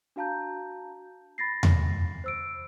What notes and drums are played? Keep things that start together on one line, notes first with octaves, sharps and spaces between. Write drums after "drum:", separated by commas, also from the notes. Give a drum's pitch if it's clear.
D4 F#4 F5 A5 A#5 G6
B5 A6 A#6 C7
drum: tom E2
C5 E6 D7